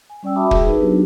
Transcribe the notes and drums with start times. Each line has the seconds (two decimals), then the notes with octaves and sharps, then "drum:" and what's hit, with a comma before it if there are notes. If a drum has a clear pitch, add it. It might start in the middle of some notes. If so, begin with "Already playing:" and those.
0.10 G#5
0.23 G3 C#4 D5 G5 E6
0.36 F#4 E5 A5 B5 D6 D#6
0.51 G#4, drum: kick
0.65 D#4 A#4 B4
0.80 F#3 B3 D4 D#4 F#4 G4